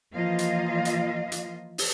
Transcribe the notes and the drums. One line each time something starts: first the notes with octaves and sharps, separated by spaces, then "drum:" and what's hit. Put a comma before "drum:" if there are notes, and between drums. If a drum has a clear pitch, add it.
E3 F3 A#3 F4 D#5 F5
drum: hi-hat
drum: hi-hat
drum: hi-hat
drum: open hi-hat